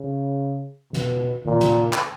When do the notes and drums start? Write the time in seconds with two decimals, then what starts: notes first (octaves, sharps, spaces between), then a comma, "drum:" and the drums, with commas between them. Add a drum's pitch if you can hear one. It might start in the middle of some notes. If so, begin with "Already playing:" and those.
Already playing: C#3
0.93 B2, drum: snare
1.45 A#2, drum: tom D#3
1.60 drum: snare
1.93 drum: clap